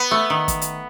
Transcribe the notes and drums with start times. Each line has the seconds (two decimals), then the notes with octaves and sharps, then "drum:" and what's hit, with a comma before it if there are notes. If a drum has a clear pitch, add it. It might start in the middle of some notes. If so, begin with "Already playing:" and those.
Already playing: B3
0.11 A3
0.30 D#3
0.48 drum: kick, hi-hat
0.62 drum: hi-hat